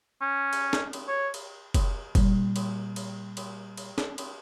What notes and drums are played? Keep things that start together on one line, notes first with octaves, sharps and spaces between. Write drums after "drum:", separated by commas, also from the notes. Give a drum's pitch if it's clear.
C#4
drum: cymbal
drum: snare
drum: cymbal
C#5
drum: cymbal
drum: kick F1, cymbal
A#2 G3, drum: kick F1, cymbal
drum: cymbal
drum: cymbal
drum: cymbal
drum: cymbal
drum: snare
drum: cymbal